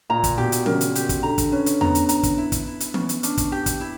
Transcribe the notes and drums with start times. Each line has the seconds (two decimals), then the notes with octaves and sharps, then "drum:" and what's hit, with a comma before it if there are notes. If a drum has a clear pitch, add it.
0.10 A#2 A#5
0.24 drum: kick, hi-hat
0.38 B2 G4
0.52 drum: hi-hat
0.66 C#3 A#4, drum: tom E3
0.81 drum: hi-hat
0.95 G4, drum: hi-hat
1.09 drum: kick, hi-hat
1.23 D3 A#5
1.38 drum: kick, hi-hat
1.52 C#4 B4
1.66 drum: hi-hat
1.81 B3 A#5, drum: tom E2
1.95 drum: hi-hat
2.09 A#5, drum: hi-hat
2.23 drum: kick, hi-hat
2.38 E4
2.52 drum: kick, hi-hat
2.67 E4
2.80 drum: hi-hat
2.94 B3 C#4, drum: tom E3
3.09 drum: hi-hat
3.23 C#4 D4, drum: hi-hat
3.38 drum: kick, hi-hat
3.52 G4
3.66 drum: kick, hi-hat
3.80 E4